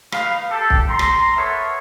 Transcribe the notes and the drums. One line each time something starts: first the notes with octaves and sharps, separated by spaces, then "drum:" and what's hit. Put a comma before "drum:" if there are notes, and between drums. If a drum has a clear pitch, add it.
D#4 B4 F5, drum: rim click
G4 A4
drum: kick
A#5 C6
drum: rim click
B3 A4 A#4 C#5 E5